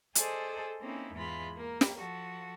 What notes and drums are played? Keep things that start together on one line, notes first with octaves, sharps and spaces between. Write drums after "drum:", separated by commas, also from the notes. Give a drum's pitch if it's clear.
G#4 A4 C5 D5 D#5, drum: hi-hat
A#3 C4 C#4 D#4 E4
E2 G#2 E3 G#3 F4 B5
A#3 A#4
drum: snare
F3 F#4 A4